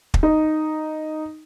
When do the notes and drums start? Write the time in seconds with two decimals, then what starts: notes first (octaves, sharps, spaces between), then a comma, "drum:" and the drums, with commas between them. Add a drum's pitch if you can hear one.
0.14 drum: kick
0.23 D#4